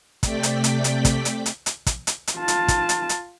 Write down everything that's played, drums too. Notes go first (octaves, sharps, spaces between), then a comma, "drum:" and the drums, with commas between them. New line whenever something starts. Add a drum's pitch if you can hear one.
C3 A3 D5 G5 B6, drum: kick, hi-hat
drum: hi-hat
drum: hi-hat
drum: hi-hat
drum: kick, hi-hat
drum: hi-hat
drum: hi-hat
drum: hi-hat
drum: kick, hi-hat
drum: hi-hat
drum: hi-hat
F4 A5
drum: hi-hat
drum: kick, hi-hat
drum: hi-hat
drum: hi-hat